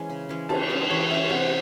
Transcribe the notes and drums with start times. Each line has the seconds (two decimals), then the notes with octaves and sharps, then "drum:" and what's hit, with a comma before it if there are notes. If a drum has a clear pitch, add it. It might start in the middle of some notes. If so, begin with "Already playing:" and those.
Already playing: E3 G#3 C#4 G#5
0.10 C#3
0.29 E3 G#3 C#4
0.49 E3 A5, drum: cymbal
0.70 G#3 C#4
0.90 E3 C#5
1.11 G#3 C#4 E5
1.30 C3 F#5